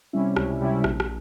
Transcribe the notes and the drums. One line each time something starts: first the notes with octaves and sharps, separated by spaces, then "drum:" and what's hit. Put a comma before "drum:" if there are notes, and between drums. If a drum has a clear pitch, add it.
C3 G3 C#4 E4
C#2, drum: rim click
C3 G3 C#4 E4
A#1, drum: rim click
drum: rim click